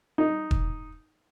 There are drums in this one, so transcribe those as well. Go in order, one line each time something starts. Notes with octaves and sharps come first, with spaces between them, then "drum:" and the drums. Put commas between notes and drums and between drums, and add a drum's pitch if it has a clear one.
D#4
drum: kick E1